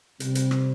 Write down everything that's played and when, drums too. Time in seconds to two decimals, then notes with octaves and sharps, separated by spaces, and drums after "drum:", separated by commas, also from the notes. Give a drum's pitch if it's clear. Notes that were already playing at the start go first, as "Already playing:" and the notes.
0.20 C3 G3 C4, drum: hi-hat
0.35 drum: hi-hat
0.51 drum: rim click